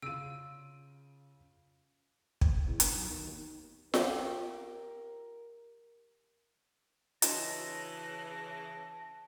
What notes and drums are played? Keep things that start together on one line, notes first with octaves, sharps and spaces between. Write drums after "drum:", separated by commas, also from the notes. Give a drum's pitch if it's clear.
C#3 F4 E6 D7 D#7
drum: kick
E2
G1, drum: hi-hat
B1
D#3
D#2
G4 A#4, drum: snare F4
C#3 E3 D4 F#4 D#5 A5 A#6, drum: hi-hat